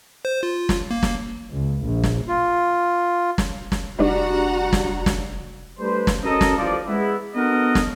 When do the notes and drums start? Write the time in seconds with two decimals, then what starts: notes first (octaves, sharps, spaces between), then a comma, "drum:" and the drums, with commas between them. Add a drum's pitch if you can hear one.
0.25 C5
0.43 F4
0.69 drum: snare
0.91 A#3
1.03 drum: snare
1.50 C#2
1.82 A#1
2.03 drum: snare
2.28 F4
3.38 drum: snare
3.72 drum: snare
3.99 F1 G3 D4 F#4 F#5 A#5
4.73 drum: snare
5.06 drum: snare
5.78 G3 A3 D4 B4 C5
6.07 drum: snare
6.24 C#4 F#4 A4 A#4 D#5
6.41 drum: snare
6.58 A1 F3 D5
6.87 G#3 B3 E4
7.35 B3 D4 F#4 A4 A#4 D#5
7.75 drum: snare